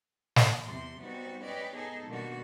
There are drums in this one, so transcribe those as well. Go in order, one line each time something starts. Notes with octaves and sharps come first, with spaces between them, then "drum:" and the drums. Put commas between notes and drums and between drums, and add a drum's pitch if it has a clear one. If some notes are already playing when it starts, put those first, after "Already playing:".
drum: snare
E2 C3 C6
G3 B3 C4 D#4 F#4
C#4 G4 B4 D5 D#5
B3 D#4 G#4 A4 D#5
B2 D3 D#3 G3 A#3 F#4